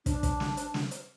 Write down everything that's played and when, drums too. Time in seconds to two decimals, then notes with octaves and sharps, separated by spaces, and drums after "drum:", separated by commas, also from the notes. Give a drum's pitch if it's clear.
0.06 D4, drum: kick, hi-hat
0.23 drum: kick, hi-hat
0.40 drum: snare
0.57 drum: hi-hat
0.74 drum: snare
0.91 drum: hi-hat